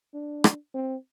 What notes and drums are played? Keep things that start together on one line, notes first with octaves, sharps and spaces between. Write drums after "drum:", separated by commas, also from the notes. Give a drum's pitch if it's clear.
D4
drum: rim click
C4